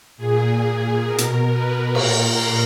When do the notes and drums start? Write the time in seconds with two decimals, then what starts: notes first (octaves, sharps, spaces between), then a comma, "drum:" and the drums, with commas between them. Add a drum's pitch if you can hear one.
0.17 A#2 G#4
1.06 B2 A#4
1.18 drum: hi-hat
1.51 B4
1.95 A#2 A#4, drum: cymbal